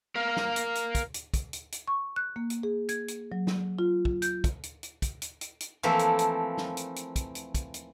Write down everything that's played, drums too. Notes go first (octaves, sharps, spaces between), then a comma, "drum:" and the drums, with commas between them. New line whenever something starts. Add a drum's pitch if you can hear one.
A#4 F5
drum: snare
drum: hi-hat
drum: hi-hat
drum: kick, hi-hat
drum: hi-hat
drum: kick, hi-hat
drum: hi-hat
drum: hi-hat
C#6
F#6
A#3
drum: hi-hat
G#4
G#6, drum: hi-hat
drum: hi-hat
F#3
drum: snare
F4
drum: kick
G6, drum: hi-hat
drum: kick, hi-hat
drum: hi-hat
drum: hi-hat
drum: kick, hi-hat
drum: hi-hat
drum: hi-hat
drum: hi-hat
E3 F3 A3 A#3 C4
drum: hi-hat
drum: hi-hat
drum: snare
drum: hi-hat
drum: hi-hat
drum: kick, hi-hat
drum: hi-hat
drum: kick, hi-hat
drum: hi-hat